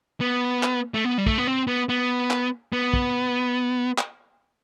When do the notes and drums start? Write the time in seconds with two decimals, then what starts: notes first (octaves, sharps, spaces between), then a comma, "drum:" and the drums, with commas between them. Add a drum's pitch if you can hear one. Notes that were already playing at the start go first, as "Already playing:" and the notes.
0.21 B3
0.63 drum: clap
0.94 A3
1.04 B3
1.18 G3
1.26 A3, drum: kick
1.38 B3
1.47 C4
1.67 B3
1.89 B3
2.31 drum: clap
2.73 B3
2.93 drum: kick
3.98 drum: clap